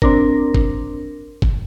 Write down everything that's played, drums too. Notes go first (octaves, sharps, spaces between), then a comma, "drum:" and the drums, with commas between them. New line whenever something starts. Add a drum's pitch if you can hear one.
C4 D4 A#4, drum: kick
drum: kick
drum: kick